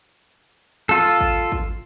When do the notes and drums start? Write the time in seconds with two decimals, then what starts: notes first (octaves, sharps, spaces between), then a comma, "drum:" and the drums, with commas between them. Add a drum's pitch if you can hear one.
0.89 F4 A4
1.21 drum: kick
1.52 drum: kick